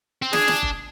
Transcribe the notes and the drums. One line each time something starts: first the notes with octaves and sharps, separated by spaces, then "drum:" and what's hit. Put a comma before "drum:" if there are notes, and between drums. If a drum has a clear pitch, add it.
C4
D4 G#4, drum: snare
drum: snare
drum: kick